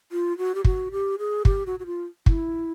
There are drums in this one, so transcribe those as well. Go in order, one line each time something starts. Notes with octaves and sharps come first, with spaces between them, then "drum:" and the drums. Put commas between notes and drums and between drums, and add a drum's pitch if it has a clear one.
F4
F#4
G4
F#4, drum: kick
G4
G#4
G4, drum: kick
F#4
F#4
F4
E4, drum: kick